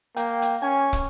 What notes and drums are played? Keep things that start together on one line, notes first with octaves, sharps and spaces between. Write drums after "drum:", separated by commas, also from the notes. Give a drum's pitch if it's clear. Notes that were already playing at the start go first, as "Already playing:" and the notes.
A#3 G5, drum: hi-hat
drum: hi-hat
C#4 G#5
drum: kick, hi-hat